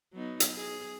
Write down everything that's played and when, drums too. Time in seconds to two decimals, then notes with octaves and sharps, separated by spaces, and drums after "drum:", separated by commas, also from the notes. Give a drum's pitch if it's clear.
0.13 F#3 B3 D#4
0.40 drum: hi-hat
0.56 G#4